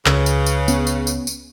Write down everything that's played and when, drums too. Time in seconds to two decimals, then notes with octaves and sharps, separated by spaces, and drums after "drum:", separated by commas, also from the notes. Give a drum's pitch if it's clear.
0.06 C#2 C#3 B4, drum: clap
0.26 drum: tambourine
0.46 drum: tambourine
0.68 B3 C#4, drum: tambourine
0.87 drum: tambourine
1.07 drum: tambourine
1.27 drum: tambourine